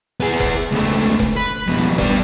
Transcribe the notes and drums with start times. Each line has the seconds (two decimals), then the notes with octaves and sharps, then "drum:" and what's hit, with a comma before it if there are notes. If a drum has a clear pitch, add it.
0.20 B3 G#4
0.40 drum: kick F1, hi-hat
0.72 C#2 A3
1.19 drum: kick F1, hi-hat
1.37 B4
1.68 F2 B2
1.98 G3 D4, drum: kick F1, hi-hat